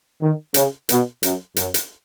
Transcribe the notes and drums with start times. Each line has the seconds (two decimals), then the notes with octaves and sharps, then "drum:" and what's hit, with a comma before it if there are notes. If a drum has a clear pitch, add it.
0.20 D#3
0.54 C#3, drum: hi-hat
0.89 B2, drum: hi-hat
1.23 F#2, drum: hi-hat
1.56 F#2, drum: hi-hat
1.74 drum: hi-hat